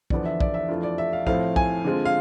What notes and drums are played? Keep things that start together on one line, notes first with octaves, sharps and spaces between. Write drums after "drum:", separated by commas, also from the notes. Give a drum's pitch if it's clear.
E2 D3 F3 B3 D5, drum: kick
E5
D5, drum: kick
E5
F2 E3 A3 D4 F4
D5
E5
F5
A2 F3 A3 C4 E4 F5, drum: kick
G#5, drum: kick
D3 G#3 C4 F4
F5